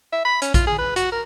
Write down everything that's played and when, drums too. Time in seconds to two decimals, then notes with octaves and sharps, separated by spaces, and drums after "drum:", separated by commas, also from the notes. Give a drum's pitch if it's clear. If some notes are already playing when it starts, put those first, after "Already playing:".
0.12 E5
0.25 B5
0.42 C#4, drum: hi-hat
0.54 F4, drum: kick, hi-hat
0.67 G#4
0.78 B4
0.96 F#4, drum: hi-hat
1.12 A#4